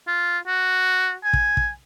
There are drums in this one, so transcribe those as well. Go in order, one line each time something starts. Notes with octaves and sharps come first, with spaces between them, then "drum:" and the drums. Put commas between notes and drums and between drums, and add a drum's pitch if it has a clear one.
F4
F#4
G#5
drum: kick
drum: kick